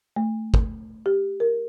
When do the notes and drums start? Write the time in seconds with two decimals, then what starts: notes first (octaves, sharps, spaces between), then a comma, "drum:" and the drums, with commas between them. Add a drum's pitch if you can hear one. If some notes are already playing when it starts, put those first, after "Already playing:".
0.16 A3
0.54 drum: kick
1.06 G4
1.40 A#4